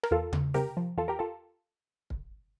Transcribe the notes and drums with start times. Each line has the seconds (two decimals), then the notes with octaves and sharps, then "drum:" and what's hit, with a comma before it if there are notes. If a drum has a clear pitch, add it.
0.03 A#4, drum: rim click
0.11 E2 F4 A4
0.33 E2, drum: tom C#3
0.54 C3 G4 A#4, drum: snare
0.77 F3
0.98 E2 F4 A4
1.08 G4 A#4
1.19 F4 A4
2.10 drum: kick